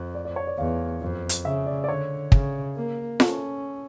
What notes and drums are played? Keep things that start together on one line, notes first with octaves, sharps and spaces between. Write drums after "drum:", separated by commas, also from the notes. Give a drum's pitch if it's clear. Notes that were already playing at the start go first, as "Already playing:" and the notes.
Already playing: F2
D5
D5
C#5
D5
E2 F5
F2
drum: hi-hat
C#3 E5
D5
D5
D3 C#5
C#3, drum: kick
A#3
C#4 A4, drum: snare F4